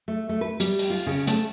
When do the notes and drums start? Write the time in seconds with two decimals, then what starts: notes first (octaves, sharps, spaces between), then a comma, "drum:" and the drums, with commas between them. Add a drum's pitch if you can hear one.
0.08 A3
0.29 A3
0.41 B4
0.60 G3, drum: hi-hat
0.79 drum: open hi-hat
0.90 F4
1.07 C#3
1.27 A3, drum: hi-hat